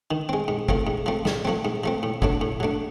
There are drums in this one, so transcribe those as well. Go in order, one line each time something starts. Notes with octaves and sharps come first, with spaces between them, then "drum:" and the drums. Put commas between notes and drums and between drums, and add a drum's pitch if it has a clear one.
D#3
G#3 C4
G#2
F3 A3 C4, drum: kick G#1
G#2
F3 A3 C4
G#2, drum: snare
F3 A3 C4
G#2
F3 A3 C4
A2
F#3 A3 D4, drum: kick G#1
A2
F#3 A3 D4